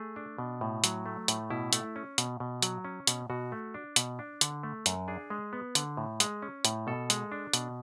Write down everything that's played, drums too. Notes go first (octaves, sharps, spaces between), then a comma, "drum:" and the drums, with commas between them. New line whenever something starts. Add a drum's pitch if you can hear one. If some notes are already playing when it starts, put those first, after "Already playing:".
Already playing: A3 G#4
D4
B2
A2
F#3, drum: hi-hat
A3
A2, drum: hi-hat
B2 E4
A3, drum: hi-hat
C#4
B2, drum: hi-hat
B2
F#3, drum: hi-hat
C#4
B2, drum: hi-hat
B2 F#4
A3
D4
B2, drum: hi-hat
D4
D3, drum: hi-hat
A3
F#2, drum: hi-hat
D4 G#4
G#3
B3
D3, drum: hi-hat
A2
G#3, drum: hi-hat
C#4
A2, drum: hi-hat
B2 A4
G#3, drum: hi-hat
D4
B2, drum: hi-hat